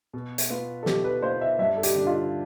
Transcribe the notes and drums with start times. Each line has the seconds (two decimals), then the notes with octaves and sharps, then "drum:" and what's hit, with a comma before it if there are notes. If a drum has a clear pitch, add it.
0.13 B2
0.38 drum: hi-hat
0.50 B3 F4 B4
0.83 A4
0.86 B2 G4, drum: snare
1.04 B4
1.22 B3 F4 B4 C5
1.41 E5
1.59 G2 E5
1.77 A4
1.83 G4, drum: hi-hat
1.95 D3 G3 D4
2.07 F4